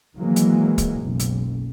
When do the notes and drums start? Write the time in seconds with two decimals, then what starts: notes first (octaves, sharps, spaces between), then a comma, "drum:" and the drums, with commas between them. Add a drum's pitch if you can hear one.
0.17 D#3 E3 F#3 G#3 A#3
0.36 drum: hi-hat
0.78 drum: kick, hi-hat
0.99 F#1 B1
1.19 drum: hi-hat